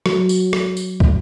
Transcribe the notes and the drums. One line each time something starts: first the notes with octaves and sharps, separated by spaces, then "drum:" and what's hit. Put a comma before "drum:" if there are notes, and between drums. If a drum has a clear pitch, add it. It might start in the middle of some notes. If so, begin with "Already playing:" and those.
F#3, drum: rim click
drum: tambourine
drum: rim click
drum: tambourine
drum: kick